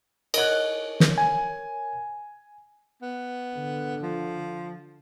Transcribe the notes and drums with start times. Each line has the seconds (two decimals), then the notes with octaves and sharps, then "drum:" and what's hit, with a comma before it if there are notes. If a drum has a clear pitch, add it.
0.34 A#4 C#5 D#5 F#5, drum: cymbal
1.00 drum: snare
1.18 G#5
3.02 B3
3.57 D3
4.02 F3